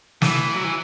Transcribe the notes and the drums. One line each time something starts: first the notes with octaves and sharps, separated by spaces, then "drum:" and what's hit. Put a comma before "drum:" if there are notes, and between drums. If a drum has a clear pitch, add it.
E3, drum: snare
F#3
E3